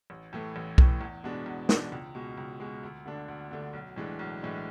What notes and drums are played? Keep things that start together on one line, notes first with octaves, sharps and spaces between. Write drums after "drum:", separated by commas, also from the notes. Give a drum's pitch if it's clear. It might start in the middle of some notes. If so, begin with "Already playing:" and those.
A1
A2 E3 A3
A1
A2 E3 A3, drum: kick B1
E2
B2 G#3 B3 D4
E2
B2 G#3 B3 D4, drum: snare
C#2
B2 G#3
C#2
B2 G#3
D2
D3 A3 D4
D2
D3 A3 D4
B1
A2 E3 G#3 D4
B1
A2 E3 G#3 D4